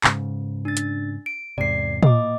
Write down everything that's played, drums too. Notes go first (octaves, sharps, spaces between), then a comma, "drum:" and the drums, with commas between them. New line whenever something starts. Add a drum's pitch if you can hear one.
G#2 C#3, drum: clap
D4 A6
drum: hi-hat
D7
E2 G#2 C3 D5 C7
A#2 D#5 D6, drum: tom